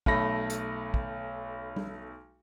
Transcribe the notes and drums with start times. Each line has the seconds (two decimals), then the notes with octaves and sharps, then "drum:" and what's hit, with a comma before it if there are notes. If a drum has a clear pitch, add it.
0.06 B1 A3 B5 A#6, drum: kick
0.50 drum: hi-hat
0.94 drum: kick
1.76 drum: tom G3